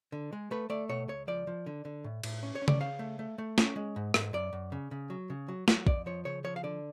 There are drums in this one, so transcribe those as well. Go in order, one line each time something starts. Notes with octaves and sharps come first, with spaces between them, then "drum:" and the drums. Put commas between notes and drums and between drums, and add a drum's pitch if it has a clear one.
D3
G#3
A3 B4
A3 D5
B2 C#5
C#2 C#5
F3 D5
F3
D3
D3
A2
A2, drum: cymbal
C#4
C#5
C#4
D5, drum: tom C#3
C#3 F5
A3
A3
A3
C#4, drum: snare
G#3
G#2
G#2, drum: rim click
F#2 D5
F#2
C#3
C#3
F#3
C#3
F#3
F#3, drum: snare
F2 D5, drum: kick
F3 C#5
C#3 C#5
F3 C#5
F5
D3 D5